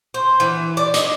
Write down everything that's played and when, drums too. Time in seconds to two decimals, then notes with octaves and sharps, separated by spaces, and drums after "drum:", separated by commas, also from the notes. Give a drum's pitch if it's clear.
0.14 C5
0.40 E3
0.77 D5
0.94 D#5, drum: hi-hat